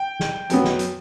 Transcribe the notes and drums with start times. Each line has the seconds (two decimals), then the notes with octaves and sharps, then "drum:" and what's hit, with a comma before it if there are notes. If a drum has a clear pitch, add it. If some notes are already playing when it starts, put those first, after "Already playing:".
Already playing: G5
0.20 drum: snare
0.50 F#2 F#3 B3, drum: hi-hat
0.64 drum: snare
0.79 drum: hi-hat